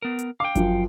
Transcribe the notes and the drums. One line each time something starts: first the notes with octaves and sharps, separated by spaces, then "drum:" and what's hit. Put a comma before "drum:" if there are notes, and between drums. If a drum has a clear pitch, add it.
B3 A#4
drum: hi-hat
F5 G5 D6
F#2 F3, drum: kick G1, hi-hat